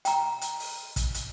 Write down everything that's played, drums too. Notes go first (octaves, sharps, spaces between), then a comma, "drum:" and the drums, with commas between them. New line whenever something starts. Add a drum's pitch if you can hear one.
G5 A#5, drum: hi-hat
drum: hi-hat
drum: open hi-hat
drum: kick, hi-hat
drum: hi-hat